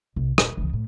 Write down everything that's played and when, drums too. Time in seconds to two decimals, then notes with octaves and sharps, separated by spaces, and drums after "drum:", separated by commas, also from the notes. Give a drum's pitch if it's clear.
0.16 C2
0.38 D#1, drum: rim click
0.57 C#2 E3
0.73 A2